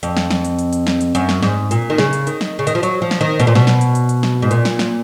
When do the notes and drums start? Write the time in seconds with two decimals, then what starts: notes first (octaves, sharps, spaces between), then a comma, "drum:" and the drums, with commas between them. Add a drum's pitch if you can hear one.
0.03 F2, drum: hi-hat
0.17 drum: snare
0.31 drum: snare
0.45 drum: hi-hat
0.59 drum: hi-hat
0.73 drum: hi-hat
0.87 drum: snare
1.01 drum: hi-hat
1.15 F#2, drum: hi-hat
1.29 drum: snare
1.43 G#2, drum: snare
1.71 A#2, drum: hi-hat
1.90 D#3
1.98 C#3, drum: snare
2.13 drum: hi-hat
2.27 D#3, drum: hi-hat
2.41 drum: snare
2.59 C#3
2.67 D#3, drum: hi-hat
2.75 F3
2.83 F#3, drum: hi-hat
3.02 F3
3.11 drum: snare
3.21 D#3
3.40 B2, drum: hi-hat
3.47 A#2
3.55 B2, drum: snare
3.67 drum: snare
3.81 drum: hi-hat
3.95 drum: hi-hat
4.09 drum: hi-hat
4.23 drum: snare
4.42 G#2
4.51 A#2, drum: hi-hat
4.65 drum: snare
4.79 drum: snare